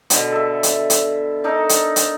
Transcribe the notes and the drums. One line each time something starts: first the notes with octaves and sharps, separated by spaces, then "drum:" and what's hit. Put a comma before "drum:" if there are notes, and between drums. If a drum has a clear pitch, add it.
B2 D3, drum: hi-hat
A4 E5
drum: hi-hat
drum: hi-hat
D4 D#4 A4 A#4
drum: hi-hat
drum: hi-hat